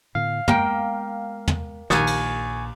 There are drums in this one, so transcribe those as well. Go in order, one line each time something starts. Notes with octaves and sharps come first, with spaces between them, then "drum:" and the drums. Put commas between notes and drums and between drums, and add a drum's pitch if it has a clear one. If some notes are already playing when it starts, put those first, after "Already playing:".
A2 D3 B3 F5
G#3 A#3 B3 G5, drum: tom
drum: tom
A#1 D#2 A#2 F3 G#5 C#6, drum: snare
drum: cymbal